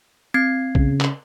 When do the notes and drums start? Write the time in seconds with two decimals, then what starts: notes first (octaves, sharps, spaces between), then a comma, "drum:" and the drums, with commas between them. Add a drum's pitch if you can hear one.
0.34 C4 G#6 C7
0.75 C#3, drum: kick
1.01 drum: clap